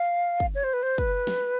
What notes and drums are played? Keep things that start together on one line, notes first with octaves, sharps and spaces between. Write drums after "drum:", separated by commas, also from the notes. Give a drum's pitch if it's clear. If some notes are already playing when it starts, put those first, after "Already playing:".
Already playing: F5
drum: kick
C#5
C5
B4
C5
B4, drum: kick
drum: snare